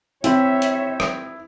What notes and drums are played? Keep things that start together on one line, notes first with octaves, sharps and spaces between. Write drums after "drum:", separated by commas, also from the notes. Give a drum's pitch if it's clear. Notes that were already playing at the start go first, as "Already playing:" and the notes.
C4 E4 C#5 E5, drum: hi-hat
drum: hi-hat
drum: rim click